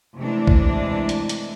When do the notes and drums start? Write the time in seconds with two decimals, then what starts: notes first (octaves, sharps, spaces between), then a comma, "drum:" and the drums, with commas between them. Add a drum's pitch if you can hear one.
0.16 C3 E3 G#3 A3 D4
0.47 drum: kick
1.09 drum: hi-hat
1.29 drum: hi-hat